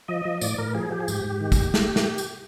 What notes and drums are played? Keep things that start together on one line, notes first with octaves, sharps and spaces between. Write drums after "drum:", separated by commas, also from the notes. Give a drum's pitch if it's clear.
F3 D#5
F3
A2 D5, drum: tambourine
A2 A#4
F3 G#4
F3 G4
G#4
G#2 G4, drum: tambourine
G#2
D#3
drum: kick, tambourine
drum: snare
drum: snare
drum: tambourine